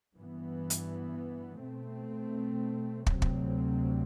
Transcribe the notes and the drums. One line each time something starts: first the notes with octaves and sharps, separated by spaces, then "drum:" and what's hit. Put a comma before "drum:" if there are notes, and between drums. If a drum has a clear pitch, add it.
G2 E3 B3
drum: hi-hat
B2 A3 C4
D2 C3 F#3 C4, drum: kick
drum: kick